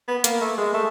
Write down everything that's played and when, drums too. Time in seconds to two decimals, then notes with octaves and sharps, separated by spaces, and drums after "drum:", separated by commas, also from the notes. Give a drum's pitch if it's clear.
0.08 B3
0.24 A#3, drum: hi-hat
0.41 A3
0.58 G#3
0.74 A3